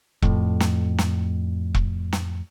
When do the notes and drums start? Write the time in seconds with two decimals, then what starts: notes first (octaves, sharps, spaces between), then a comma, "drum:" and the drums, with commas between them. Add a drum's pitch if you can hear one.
0.22 F2 A2, drum: kick E1
0.60 drum: snare
0.98 drum: snare
1.75 drum: kick E1
2.13 drum: snare